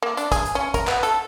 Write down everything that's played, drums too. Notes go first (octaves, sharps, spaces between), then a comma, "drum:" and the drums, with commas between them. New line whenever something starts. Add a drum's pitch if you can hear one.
A#3
D4, drum: hi-hat
G#4, drum: kick, hi-hat
drum: hi-hat
C#4
A#4, drum: kick, hi-hat
B3, drum: clap
A4, drum: hi-hat